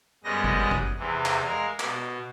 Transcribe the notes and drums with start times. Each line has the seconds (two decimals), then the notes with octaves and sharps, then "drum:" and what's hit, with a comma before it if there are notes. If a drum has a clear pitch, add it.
0.24 F#2 G3 G#3 B3 D#5 A#6
0.44 drum: kick G1
0.71 drum: kick G1
0.99 E2 C3 E3
1.25 drum: clap
1.45 G#3 A#4 F5
1.80 B2, drum: clap